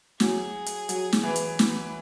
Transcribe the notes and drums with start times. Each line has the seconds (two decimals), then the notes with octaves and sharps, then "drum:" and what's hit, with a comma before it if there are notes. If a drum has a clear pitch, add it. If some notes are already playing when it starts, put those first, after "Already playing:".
0.20 F#3 G#4, drum: snare
0.66 drum: hi-hat
0.89 F#3, drum: hi-hat
1.13 drum: snare
1.23 E3
1.36 drum: hi-hat
1.59 B4, drum: snare